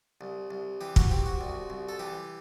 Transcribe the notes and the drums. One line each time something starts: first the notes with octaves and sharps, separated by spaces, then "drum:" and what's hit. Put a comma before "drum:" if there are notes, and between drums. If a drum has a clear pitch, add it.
C2
C2
E3 G4
F#4, drum: kick
C3 G4
F#4
C2
C2
A4
E3 G4